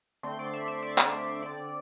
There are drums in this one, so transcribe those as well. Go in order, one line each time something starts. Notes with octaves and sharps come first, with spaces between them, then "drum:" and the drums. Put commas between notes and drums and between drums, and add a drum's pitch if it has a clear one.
D3 A3 C4 C6
D5
E5
E5
D5
drum: clap
E5
D3 C4 D5